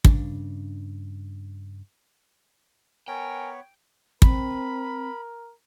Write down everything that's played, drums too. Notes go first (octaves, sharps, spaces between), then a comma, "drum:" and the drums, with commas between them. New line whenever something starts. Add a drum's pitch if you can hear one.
G2 C#3 D4, drum: kick
B3 A#4 C#5 G5 G#5
C4 A#4 B5, drum: kick